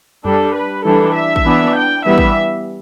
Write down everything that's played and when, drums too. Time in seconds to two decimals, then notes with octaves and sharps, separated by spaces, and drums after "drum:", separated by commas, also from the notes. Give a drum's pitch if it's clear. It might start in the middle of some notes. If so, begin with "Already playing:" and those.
0.25 G3 D4 A4, drum: tom F2
0.55 B4
0.85 E3 G3 D4 A4
1.15 E5
1.36 drum: kick
1.45 E3 B3 D4
1.75 G5
2.05 E3 G3 B3 E5
2.18 drum: kick